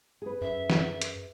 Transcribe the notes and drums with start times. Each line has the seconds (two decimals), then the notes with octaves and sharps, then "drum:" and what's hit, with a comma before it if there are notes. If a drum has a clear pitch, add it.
0.22 G#4 B4
0.41 F#2 E5
0.70 drum: snare
1.02 drum: hi-hat